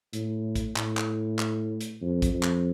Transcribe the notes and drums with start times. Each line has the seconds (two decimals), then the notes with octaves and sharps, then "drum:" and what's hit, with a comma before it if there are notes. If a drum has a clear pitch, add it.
0.13 A2, drum: hi-hat
0.56 drum: kick, hi-hat
0.76 A2, drum: clap
0.97 drum: clap
1.39 drum: clap
1.81 drum: hi-hat
2.02 F2
2.22 drum: kick, hi-hat
2.33 F2
2.43 drum: clap